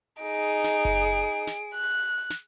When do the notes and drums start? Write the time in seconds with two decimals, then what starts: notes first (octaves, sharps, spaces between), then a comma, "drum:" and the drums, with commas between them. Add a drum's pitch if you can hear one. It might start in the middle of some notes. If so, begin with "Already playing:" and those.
0.23 D#4 G#4 D7
0.64 drum: snare
0.85 drum: kick F#1
1.47 drum: snare
1.74 F#6
2.30 drum: snare